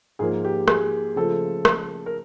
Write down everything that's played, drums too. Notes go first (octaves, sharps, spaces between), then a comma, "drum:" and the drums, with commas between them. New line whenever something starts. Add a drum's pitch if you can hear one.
G#2 F3 A#3 G#4
G4
G#4, drum: rim click
C#3 F3 A3 A4
drum: rim click
A#4